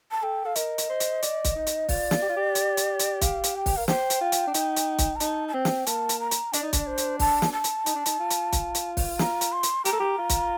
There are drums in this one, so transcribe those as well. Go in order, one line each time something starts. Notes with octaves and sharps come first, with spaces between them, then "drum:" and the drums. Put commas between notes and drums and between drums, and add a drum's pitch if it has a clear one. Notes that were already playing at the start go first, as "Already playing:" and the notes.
A5
A4 G5
A4 F5
A#4 D#5, drum: hi-hat
drum: hi-hat
C5
drum: hi-hat
D5, drum: hi-hat
drum: kick, hi-hat
D#4
drum: hi-hat
F4 D5, drum: kick, open hi-hat
drum: snare
G4
F4
G4
drum: hi-hat
drum: hi-hat
drum: hi-hat
F5, drum: kick, hi-hat
drum: hi-hat
G5
drum: kick, open hi-hat
A#4 F5
C5 G5, drum: snare
drum: hi-hat
F4
drum: hi-hat
D4
D#4, drum: hi-hat
drum: hi-hat
drum: kick, hi-hat
A#5
D#4 A5, drum: hi-hat
A5
C4 G5
drum: snare
A#3 A5, drum: hi-hat
drum: hi-hat
A#5
drum: hi-hat
D4 D5, drum: hi-hat
D#4
D4, drum: kick, hi-hat
C5
drum: hi-hat
A5, drum: kick, open hi-hat
drum: snare
A5
drum: hi-hat
D#4, drum: hi-hat
D4
D#4, drum: hi-hat
F4
drum: hi-hat
drum: kick, hi-hat
drum: hi-hat
drum: kick, open hi-hat
A#5, drum: snare
drum: hi-hat
C6
drum: hi-hat
G4 A#5, drum: hi-hat
A4
G4
F4
drum: kick, hi-hat